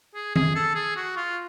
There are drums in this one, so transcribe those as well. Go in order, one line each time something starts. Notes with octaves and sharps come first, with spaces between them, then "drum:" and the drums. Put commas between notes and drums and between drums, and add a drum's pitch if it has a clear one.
G#4
G#4, drum: tom D#3
A4
G#4
F#4
F4